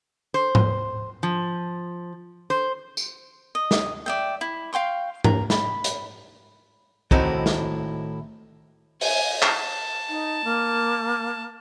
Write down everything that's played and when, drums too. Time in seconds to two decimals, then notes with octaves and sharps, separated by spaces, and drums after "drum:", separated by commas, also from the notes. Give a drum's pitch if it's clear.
0.34 C5
0.55 drum: tom G#2
1.23 F3
2.50 C5
2.97 drum: tambourine
3.55 D#5
3.71 drum: snare
4.06 D5 E5 G5
4.41 E4
4.73 F5 G5 C6 C#6
5.24 A#4, drum: tom G#2
5.50 B5, drum: snare
5.84 drum: hi-hat
7.11 A2 D#3 C4 D#4 E4 F#4, drum: kick
7.46 drum: snare
9.01 G#5, drum: open hi-hat
9.42 A5, drum: clap
10.09 D#4
10.44 A#3